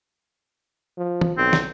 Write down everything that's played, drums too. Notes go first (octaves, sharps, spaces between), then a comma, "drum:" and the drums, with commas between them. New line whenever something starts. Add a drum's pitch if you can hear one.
F3
drum: tom
B1 C4
drum: snare